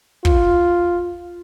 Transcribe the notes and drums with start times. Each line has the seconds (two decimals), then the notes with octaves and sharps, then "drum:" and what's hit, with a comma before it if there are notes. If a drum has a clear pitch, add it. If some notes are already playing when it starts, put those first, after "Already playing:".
0.25 F4, drum: kick